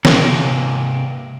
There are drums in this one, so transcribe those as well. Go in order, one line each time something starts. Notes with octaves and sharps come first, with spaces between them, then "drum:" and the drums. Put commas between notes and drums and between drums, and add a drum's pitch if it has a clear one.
C3 A#3, drum: snare